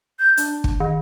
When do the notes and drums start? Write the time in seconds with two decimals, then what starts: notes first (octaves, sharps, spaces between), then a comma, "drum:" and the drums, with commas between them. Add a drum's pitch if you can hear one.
0.19 G6
0.37 D4, drum: hi-hat
0.64 drum: kick
0.80 D#3 D#5